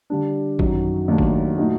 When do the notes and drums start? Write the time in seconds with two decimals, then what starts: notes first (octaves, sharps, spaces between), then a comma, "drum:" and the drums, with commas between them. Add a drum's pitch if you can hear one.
0.10 D3 G3 D4
0.59 F#2 D#3 F#3, drum: kick A1
1.08 D#2 D#3 F#3 A3 D4
1.18 drum: kick A1
1.58 A#2 F#3 A3 D#4